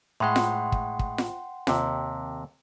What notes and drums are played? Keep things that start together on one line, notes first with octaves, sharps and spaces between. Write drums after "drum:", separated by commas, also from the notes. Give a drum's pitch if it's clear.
A2 G#3 F#5 G5 C6
drum: snare F4
drum: kick
drum: kick
drum: snare F4
D#2 C3, drum: snare F4